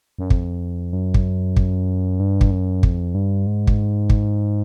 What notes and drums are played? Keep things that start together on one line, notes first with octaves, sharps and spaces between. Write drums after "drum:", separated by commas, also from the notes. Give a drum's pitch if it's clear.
F#2
F2, drum: kick
F#2
drum: kick
drum: kick
G2
drum: kick
F#2
F2, drum: kick
G2
G#2
drum: kick
drum: kick